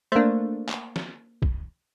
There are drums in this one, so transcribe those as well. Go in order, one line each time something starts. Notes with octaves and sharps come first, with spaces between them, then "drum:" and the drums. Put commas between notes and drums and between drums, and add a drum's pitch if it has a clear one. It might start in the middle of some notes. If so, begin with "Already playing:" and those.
A3 A#3 D4 C5
drum: clap
drum: snare
drum: kick